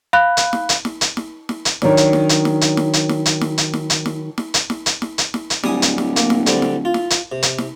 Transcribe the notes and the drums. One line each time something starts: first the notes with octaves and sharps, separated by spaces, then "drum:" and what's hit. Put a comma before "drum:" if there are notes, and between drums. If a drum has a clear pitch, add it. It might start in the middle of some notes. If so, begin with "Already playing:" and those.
F5 B5 F#6
drum: hi-hat
drum: snare
drum: hi-hat
drum: snare
drum: hi-hat
drum: snare
drum: snare
drum: hi-hat
D#3 F#3 D4, drum: snare
drum: hi-hat
drum: snare
drum: hi-hat
drum: snare
drum: hi-hat
drum: snare
drum: hi-hat
drum: snare
drum: hi-hat
drum: snare
drum: hi-hat
drum: snare
drum: hi-hat
drum: snare
drum: snare
drum: hi-hat
drum: snare
drum: hi-hat
drum: snare
drum: hi-hat
drum: snare
drum: hi-hat
D1 G3 G#5 D#6, drum: snare
drum: hi-hat
drum: snare
A#3, drum: hi-hat
drum: snare
D3 G3 C4, drum: hi-hat
drum: snare
F4
drum: snare
drum: hi-hat
C3
drum: hi-hat
drum: snare